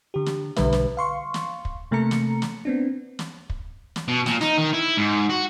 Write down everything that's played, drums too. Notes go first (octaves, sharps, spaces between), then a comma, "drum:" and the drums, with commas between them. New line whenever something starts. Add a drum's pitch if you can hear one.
D3 G4
drum: snare
B1 D3 G3 B4 E5, drum: snare
drum: snare
F5 C6 C#6
drum: snare
drum: kick
C3 A3 A#3 A4 A#5 C#7
drum: snare
drum: snare
B3 C4 D4
drum: snare
drum: kick
drum: snare
B2
A#2, drum: snare
D#4, drum: snare
D#3
E4
G#2
F#4